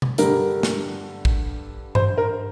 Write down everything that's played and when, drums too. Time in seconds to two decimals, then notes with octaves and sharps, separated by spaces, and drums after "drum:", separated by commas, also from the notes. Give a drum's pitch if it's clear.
0.02 drum: tom B2
0.18 G2 D3 G3 A#4, drum: hi-hat
0.63 drum: snare
1.25 drum: kick
1.95 C5, drum: tom G2
2.18 A#4